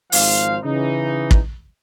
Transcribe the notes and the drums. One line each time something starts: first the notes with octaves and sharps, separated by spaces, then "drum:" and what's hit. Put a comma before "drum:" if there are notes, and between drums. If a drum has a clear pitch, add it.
G#1 G#2 F3 C5 F5, drum: open hi-hat
C#3 E3 D#4
drum: kick